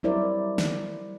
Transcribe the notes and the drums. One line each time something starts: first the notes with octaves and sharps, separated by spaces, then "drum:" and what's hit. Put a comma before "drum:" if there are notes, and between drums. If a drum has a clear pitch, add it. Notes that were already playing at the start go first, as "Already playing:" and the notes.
F#3 G3 E4 A#4 C5 D5
drum: snare